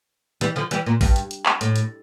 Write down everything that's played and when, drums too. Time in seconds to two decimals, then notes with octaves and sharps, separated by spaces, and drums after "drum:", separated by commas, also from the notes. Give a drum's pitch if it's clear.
0.41 E3 G3, drum: hi-hat
0.56 D3 F3
0.71 E3 G3, drum: hi-hat
0.86 A#2
1.01 G2, drum: kick A1, open hi-hat
1.16 drum: hi-hat
1.31 drum: hi-hat
1.46 drum: clap
1.61 A2, drum: hi-hat
1.76 drum: hi-hat